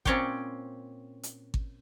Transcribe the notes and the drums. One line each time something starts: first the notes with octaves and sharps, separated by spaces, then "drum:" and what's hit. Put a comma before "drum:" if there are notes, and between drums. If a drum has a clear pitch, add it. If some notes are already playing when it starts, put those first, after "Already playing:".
A#2 C4 C#4 C#5 D5 G5, drum: kick G#1
drum: hi-hat
drum: kick G#1